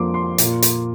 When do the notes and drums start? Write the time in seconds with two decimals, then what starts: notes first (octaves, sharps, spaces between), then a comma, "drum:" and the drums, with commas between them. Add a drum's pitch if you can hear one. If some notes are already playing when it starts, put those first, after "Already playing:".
Already playing: F2 F3 A#3 D4 C6 D6
0.14 C6
0.38 A#2 A#3 F4, drum: hi-hat
0.62 drum: hi-hat